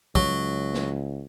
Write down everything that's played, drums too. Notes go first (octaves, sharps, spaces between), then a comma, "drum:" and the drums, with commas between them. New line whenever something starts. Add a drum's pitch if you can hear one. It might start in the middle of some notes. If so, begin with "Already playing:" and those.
C#2 F#3, drum: kick
drum: snare